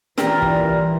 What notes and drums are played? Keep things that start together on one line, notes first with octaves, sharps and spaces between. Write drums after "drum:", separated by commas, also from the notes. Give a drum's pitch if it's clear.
A#2 E3 G3 A#4, drum: snare
drum: kick